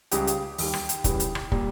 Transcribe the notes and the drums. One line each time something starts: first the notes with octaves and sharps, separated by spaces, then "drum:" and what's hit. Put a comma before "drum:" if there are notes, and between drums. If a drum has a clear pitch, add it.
C#2 C#3 G3 G4, drum: hi-hat
drum: hi-hat
D#2 D#3 G3, drum: open hi-hat
drum: rim click
drum: hi-hat
E2 C#3 E3 G3, drum: kick, hi-hat
drum: hi-hat
drum: rim click
A#2 G3, drum: kick